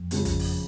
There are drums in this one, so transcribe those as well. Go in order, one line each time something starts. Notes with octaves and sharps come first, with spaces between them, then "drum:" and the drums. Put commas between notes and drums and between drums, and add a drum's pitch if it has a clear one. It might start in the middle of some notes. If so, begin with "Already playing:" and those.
Already playing: F2
C#3 F3 G#3, drum: hi-hat
drum: kick, hi-hat
drum: open hi-hat